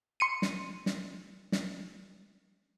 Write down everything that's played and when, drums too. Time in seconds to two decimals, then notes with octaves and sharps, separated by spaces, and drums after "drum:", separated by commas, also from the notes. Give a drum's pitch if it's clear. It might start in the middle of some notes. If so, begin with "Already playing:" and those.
0.20 C6 C#7 D#7
0.42 drum: snare
0.86 drum: snare
1.52 drum: snare